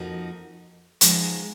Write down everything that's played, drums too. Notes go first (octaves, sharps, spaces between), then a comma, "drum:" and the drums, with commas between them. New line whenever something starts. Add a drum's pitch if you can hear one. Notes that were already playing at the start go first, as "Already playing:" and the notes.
Already playing: F2 F3 A#3 D#4 F#4
F3 G#3 B3 D#4, drum: hi-hat